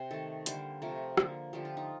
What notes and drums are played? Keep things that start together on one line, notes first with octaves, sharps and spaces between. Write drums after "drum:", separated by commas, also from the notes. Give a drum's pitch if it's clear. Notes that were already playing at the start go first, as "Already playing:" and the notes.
Already playing: C3 C5
D#3 A3 A4
D3 G3 A#3 C5, drum: hi-hat
C3 F3 A3 A#4
D3 F3 A#3, drum: rim click
D3 F3 A3 G4
F4
D#4